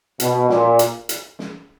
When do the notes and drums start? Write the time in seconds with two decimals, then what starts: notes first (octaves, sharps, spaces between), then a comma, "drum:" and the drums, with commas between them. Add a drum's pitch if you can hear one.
0.20 B2, drum: hi-hat
0.49 A#2, drum: snare
0.79 drum: hi-hat
1.09 drum: hi-hat
1.39 drum: snare